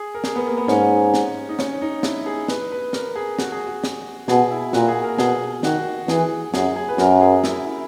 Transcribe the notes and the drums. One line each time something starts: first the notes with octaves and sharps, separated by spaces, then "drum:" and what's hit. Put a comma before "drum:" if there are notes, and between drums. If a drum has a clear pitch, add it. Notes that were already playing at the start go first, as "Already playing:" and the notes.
Already playing: G#4
A#4
G#4, drum: snare
B3
A#3
B3
G#2 C#4, drum: snare
drum: snare
D#4
C#4, drum: snare
D#4
E4, drum: snare
G#4
B4, drum: snare
B4
A#4, drum: snare
G#4
F#4, drum: snare
G#4
F#4
drum: snare
B2 G#4, drum: snare
E4
A#2 F#4, drum: snare
G#4
A#4
B2 G#4, drum: snare
D#3 F#4, drum: snare
E3 G#4, drum: snare
F#2 G#4, drum: snare
G#4
B4
F#2 A#4, drum: snare
G#4
E4, drum: snare
E4